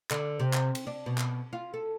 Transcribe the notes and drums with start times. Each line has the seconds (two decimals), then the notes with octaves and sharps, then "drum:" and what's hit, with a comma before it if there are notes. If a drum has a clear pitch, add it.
0.11 D3, drum: clap
0.40 C3
0.54 drum: clap
0.75 drum: cymbal
0.87 D4
1.06 B2
1.18 drum: clap
1.53 F4
1.74 A4